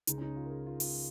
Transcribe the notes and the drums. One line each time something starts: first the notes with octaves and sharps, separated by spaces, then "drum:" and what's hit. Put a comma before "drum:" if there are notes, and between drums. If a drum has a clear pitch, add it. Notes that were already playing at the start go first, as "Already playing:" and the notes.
C#2 C#3 G#3 D#4, drum: hi-hat
C#4
D#4
F4
A#4
G#4
F4
F4, drum: open hi-hat